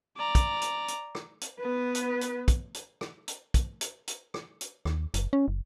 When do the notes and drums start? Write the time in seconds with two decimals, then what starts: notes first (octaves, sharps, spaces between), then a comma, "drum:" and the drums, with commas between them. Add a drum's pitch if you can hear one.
0.17 D5 A#5
0.35 drum: kick, hi-hat
0.62 drum: hi-hat
0.88 drum: hi-hat
1.15 drum: rim click
1.41 drum: hi-hat
1.60 B3 B4
1.95 drum: hi-hat
2.21 drum: hi-hat
2.48 drum: kick, hi-hat
2.74 drum: hi-hat
3.01 drum: rim click
3.28 drum: hi-hat
3.54 drum: kick, hi-hat
3.81 drum: hi-hat
4.07 drum: hi-hat
4.34 drum: rim click
4.61 drum: hi-hat
4.85 D#2, drum: rim click
5.14 F#1, drum: hi-hat
5.33 C#4
5.48 F#1